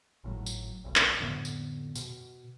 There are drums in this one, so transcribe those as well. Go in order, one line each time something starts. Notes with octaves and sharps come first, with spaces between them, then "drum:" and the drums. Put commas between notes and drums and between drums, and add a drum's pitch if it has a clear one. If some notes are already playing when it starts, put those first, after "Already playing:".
G#1 A2 F#3
drum: tambourine
F1 B1
drum: clap
F2 A2 D3 B3
drum: tambourine
B2, drum: tambourine